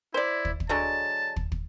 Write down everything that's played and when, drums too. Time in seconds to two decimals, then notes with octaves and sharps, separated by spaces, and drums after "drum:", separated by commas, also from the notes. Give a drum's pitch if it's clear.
0.14 E4 C5 D5
0.45 drum: kick
0.60 drum: kick
0.69 D3 F#3 G#3 A5
1.36 drum: kick
1.52 drum: kick